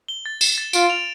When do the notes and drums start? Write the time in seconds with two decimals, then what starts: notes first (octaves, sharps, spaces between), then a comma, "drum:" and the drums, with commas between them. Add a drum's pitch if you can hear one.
0.08 G7
0.26 A6
0.41 E7, drum: tambourine
0.58 A6
0.73 F4 D7, drum: tambourine
0.90 F7